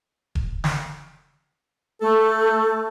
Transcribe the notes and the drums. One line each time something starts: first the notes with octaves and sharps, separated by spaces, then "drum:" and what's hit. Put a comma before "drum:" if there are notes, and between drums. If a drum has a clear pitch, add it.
drum: kick E1
drum: snare
A3 A4